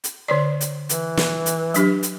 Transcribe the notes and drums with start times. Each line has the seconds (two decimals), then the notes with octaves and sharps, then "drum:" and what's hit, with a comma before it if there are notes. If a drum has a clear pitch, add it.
0.04 drum: hi-hat
0.28 D3 C#5 D5
0.61 drum: hi-hat
0.89 E3, drum: hi-hat
1.17 drum: snare
1.46 drum: hi-hat
1.74 F#3 D4 G4, drum: hi-hat
2.03 drum: hi-hat